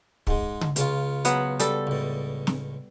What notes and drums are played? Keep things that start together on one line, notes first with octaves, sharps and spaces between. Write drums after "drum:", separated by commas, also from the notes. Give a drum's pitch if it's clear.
G#2 G#3, drum: kick
drum: tom C#3
C#2 C#3 F4, drum: hi-hat
F#3 B3 F#5, drum: hi-hat
G3 A4, drum: hi-hat
C#2 A2
drum: snare